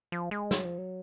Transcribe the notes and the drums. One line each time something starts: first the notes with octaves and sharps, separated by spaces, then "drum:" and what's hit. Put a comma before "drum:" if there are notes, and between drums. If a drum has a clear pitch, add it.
F3
G#3
F#3, drum: snare
F3
F#3